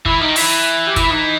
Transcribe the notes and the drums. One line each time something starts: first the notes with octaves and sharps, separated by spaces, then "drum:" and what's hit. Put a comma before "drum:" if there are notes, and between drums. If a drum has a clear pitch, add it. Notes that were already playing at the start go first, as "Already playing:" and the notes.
E3 E4, drum: kick
G3 D#4
D#3
E3 E4, drum: open hi-hat
G4
E3 E4, drum: kick, hi-hat
D#4